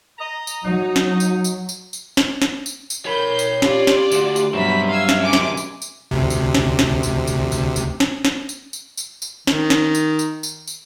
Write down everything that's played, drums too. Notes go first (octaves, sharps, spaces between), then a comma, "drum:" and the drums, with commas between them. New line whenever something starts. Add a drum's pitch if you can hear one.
D#5 A#5
drum: tambourine
F#3 D#4
drum: snare
drum: tambourine
drum: tambourine
drum: tambourine
drum: tambourine
drum: snare
drum: snare
drum: tambourine
drum: tambourine
A#4 C#5 B5 G6
drum: tambourine
F4 G4 D5, drum: snare
drum: snare
D2 F#4, drum: tambourine
drum: tambourine
G2 B2 F#3 C4 E5 B5 B6
D#5 F5 E6 G#6
drum: snare
F#2 C3 G#5 D6
drum: snare
drum: tambourine
drum: tambourine
D2 C3
drum: tambourine
drum: snare
drum: snare
drum: tambourine
drum: tambourine
drum: tambourine
drum: tambourine
drum: snare
drum: snare
drum: tambourine
drum: tambourine
drum: tambourine
drum: tambourine
D#3, drum: snare
drum: snare
drum: tambourine
drum: tambourine
drum: tambourine
drum: tambourine